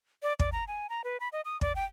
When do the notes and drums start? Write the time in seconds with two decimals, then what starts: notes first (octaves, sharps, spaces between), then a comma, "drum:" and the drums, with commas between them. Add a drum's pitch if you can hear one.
0.23 D5
0.39 D5, drum: kick
0.52 A#5
0.68 G#5
0.90 A#5
1.04 B4
1.20 B5
1.33 D#5
1.45 D#6
1.61 D5, drum: kick
1.76 G5